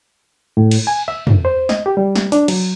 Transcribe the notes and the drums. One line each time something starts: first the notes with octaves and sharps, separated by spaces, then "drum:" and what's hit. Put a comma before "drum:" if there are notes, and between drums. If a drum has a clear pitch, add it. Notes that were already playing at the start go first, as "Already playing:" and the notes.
A2
drum: cymbal
G#5
E5
F2, drum: tom
C5
D#5, drum: snare
G4
G3
drum: snare
D4, drum: hi-hat
F#3, drum: cymbal